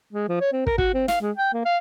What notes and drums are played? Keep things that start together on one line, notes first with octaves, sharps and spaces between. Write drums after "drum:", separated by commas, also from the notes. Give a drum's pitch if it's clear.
G#3
F3
C#5
C4
A#4, drum: kick
F#4, drum: kick
C4
F5, drum: snare
G#3
G5
A#3
F5